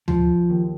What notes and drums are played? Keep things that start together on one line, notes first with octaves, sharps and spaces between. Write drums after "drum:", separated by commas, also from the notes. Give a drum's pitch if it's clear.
F3, drum: tom D2
D#2